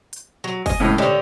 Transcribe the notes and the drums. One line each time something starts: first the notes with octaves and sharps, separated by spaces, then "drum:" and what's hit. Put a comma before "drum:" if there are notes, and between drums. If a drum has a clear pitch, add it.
drum: hi-hat
F#3
D#5 G#5, drum: kick, open hi-hat
C#2 A2
D3 G4 C#5 D#5